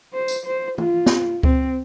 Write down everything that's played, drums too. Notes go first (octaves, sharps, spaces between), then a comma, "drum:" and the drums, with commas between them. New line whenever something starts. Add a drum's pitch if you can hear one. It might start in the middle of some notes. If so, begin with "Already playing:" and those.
C5
drum: tambourine
C5
F4, drum: tom
drum: snare
C4, drum: kick C#2